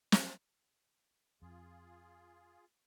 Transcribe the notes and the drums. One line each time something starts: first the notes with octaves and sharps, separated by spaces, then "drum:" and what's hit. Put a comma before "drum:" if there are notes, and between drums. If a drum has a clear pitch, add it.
drum: snare
F2 F4 G#4